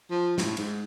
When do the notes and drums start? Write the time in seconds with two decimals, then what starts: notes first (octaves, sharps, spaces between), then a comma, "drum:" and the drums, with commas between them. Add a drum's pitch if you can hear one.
0.11 F3
0.38 A2, drum: snare
0.57 G#2, drum: cymbal